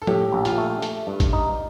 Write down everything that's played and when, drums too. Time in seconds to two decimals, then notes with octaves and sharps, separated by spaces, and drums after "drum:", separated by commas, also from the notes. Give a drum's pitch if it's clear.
0.02 A4
0.07 A2 G4, drum: tom F3
0.33 A#1
0.45 F4, drum: hi-hat
0.58 A3
0.82 A3, drum: hi-hat
1.07 G2
1.20 drum: kick A1, hi-hat
1.33 D#4